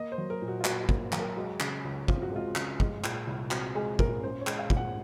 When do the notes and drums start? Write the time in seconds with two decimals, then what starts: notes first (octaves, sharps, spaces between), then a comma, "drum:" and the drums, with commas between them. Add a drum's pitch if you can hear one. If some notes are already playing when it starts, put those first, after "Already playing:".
Already playing: A#3 D#5
0.12 C5
0.18 F#3
0.30 A#4
0.42 A#2
0.48 F#4
0.60 F4
0.65 A#2 F#4, drum: clap
0.83 F#4
0.89 A#3, drum: kick
1.12 F#3, drum: clap
1.19 A#4
1.36 G#3 F#4
1.60 C#3, drum: clap
1.84 C#2
2.08 C4 F4, drum: kick
2.22 F#4
2.32 G#3 F4
2.55 C#3, drum: clap
2.80 G#3, drum: kick
3.04 A#2, drum: clap
3.27 C2
3.51 C4 F#4, drum: clap
3.75 G#3 G#4
3.99 A#2 A#4, drum: kick
4.22 C#4 C5
4.41 C#5
4.47 G#3, drum: clap
4.59 F5
4.70 A#2, drum: kick
4.77 F#5